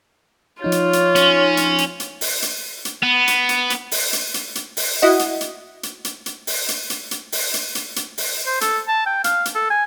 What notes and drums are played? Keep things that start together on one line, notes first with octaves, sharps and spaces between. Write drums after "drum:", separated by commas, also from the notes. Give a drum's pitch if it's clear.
F3 D#4 F4 C#5 G6
drum: hi-hat
drum: hi-hat
C#4, drum: hi-hat
drum: hi-hat
drum: hi-hat
drum: hi-hat
drum: open hi-hat
drum: hi-hat
drum: hi-hat
B3
drum: hi-hat
drum: hi-hat
drum: hi-hat
drum: open hi-hat
drum: hi-hat
drum: hi-hat
drum: hi-hat
drum: open hi-hat
E4 F#4 D#5 F#5
drum: hi-hat
drum: hi-hat
drum: hi-hat
drum: hi-hat
drum: hi-hat
drum: open hi-hat
drum: hi-hat
drum: hi-hat
drum: hi-hat
drum: open hi-hat
drum: hi-hat
drum: hi-hat
drum: hi-hat
drum: open hi-hat
C5
A4, drum: hi-hat
A5
G5
F5, drum: hi-hat
drum: hi-hat
A4
G#5